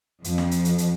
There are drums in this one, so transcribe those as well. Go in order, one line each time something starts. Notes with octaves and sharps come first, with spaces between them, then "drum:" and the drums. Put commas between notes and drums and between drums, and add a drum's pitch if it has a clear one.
F2, drum: hi-hat
drum: snare
drum: hi-hat
drum: hi-hat
drum: hi-hat